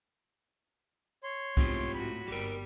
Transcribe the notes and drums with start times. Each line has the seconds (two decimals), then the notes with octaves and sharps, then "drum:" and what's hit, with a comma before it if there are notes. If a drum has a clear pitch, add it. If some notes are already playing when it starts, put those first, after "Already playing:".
1.24 C#5 C6
1.57 G#2 B3 C4 E4 F4 G4, drum: kick C2
1.94 A2 F#4 B5
2.28 G1 G3 G4 A#4